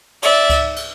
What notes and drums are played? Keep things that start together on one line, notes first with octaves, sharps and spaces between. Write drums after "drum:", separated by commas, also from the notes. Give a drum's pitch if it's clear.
D5 E5, drum: cymbal
drum: kick C#2, cymbal
drum: cymbal